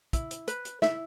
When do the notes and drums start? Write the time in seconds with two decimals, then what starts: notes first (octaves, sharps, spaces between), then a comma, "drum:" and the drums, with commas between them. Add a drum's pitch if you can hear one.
0.13 E4, drum: kick, hi-hat
0.31 drum: hi-hat
0.48 B4, drum: hi-hat
0.65 drum: hi-hat
0.82 E4 E5, drum: snare